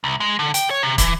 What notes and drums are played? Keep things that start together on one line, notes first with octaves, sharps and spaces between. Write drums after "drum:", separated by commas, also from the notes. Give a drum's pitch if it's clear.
C2
G#3
D3
G5, drum: hi-hat
C#5
C3
E3, drum: kick, hi-hat